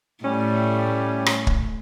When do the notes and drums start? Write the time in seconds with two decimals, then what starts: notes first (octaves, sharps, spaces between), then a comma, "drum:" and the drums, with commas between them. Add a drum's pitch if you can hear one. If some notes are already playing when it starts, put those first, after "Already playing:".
0.24 A2 G3 A3 C#4
1.26 drum: rim click
1.47 drum: kick